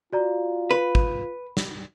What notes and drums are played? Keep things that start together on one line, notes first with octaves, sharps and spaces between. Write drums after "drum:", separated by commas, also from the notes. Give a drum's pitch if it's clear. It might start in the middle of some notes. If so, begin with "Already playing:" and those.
F4 F#4 D5 A#5
B4 B5
drum: kick
drum: snare